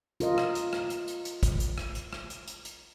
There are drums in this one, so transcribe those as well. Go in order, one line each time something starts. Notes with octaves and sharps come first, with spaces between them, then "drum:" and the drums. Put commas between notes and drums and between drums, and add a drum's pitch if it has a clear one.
F4 A#4 D#5, drum: hi-hat
drum: rim click
drum: hi-hat
drum: rim click
drum: hi-hat
drum: hi-hat
drum: hi-hat
drum: kick, hi-hat
drum: hi-hat
drum: rim click
drum: hi-hat
drum: rim click
drum: hi-hat
drum: hi-hat
drum: hi-hat